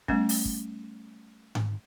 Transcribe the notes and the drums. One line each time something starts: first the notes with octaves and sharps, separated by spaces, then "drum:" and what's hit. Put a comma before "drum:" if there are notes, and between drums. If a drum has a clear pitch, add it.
G3 A3 B3 C#4, drum: kick
drum: open hi-hat
drum: kick
drum: tom G#2